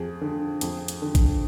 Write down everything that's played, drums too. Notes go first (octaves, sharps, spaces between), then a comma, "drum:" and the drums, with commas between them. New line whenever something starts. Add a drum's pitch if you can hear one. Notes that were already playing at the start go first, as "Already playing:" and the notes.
Already playing: F2 G#4
D3
F2, drum: hi-hat
drum: hi-hat
D3
drum: kick A1, hi-hat